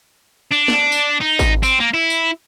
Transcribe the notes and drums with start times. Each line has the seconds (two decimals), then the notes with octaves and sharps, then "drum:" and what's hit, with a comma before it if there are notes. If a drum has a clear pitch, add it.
0.52 D4
0.68 drum: snare
0.92 drum: tambourine
1.21 D#4
1.39 drum: kick G#1, tambourine
1.63 C4, drum: tambourine
1.80 A#3
1.94 E4
2.10 drum: tambourine